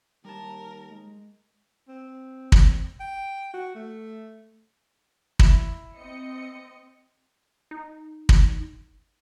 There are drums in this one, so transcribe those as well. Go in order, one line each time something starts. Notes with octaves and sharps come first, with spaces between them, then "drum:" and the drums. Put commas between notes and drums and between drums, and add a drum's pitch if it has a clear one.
D#2 G3 A#4 A5
G#3
C4
drum: kick
G5
F#4
A3
E4 E7, drum: kick
C4 D#5 C#7
D#4
drum: kick